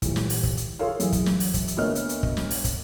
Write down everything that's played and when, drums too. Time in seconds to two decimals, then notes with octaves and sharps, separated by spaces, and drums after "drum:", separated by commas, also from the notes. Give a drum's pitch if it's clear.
0.02 D#1 E3, drum: kick, hi-hat
0.16 drum: snare
0.30 drum: open hi-hat
0.43 drum: kick
0.57 drum: hi-hat
0.79 F4 G#4 A4 C#5 F5
1.00 F#2 E3 G#4, drum: hi-hat
1.12 drum: kick, hi-hat
1.26 drum: snare
1.40 drum: open hi-hat
1.54 drum: kick, hi-hat
1.68 drum: hi-hat
1.77 D2 A#3 B3 C#5 D#5 F6
1.95 drum: hi-hat
2.09 drum: hi-hat
2.23 drum: kick
2.37 drum: snare
2.51 drum: open hi-hat
2.64 drum: kick, hi-hat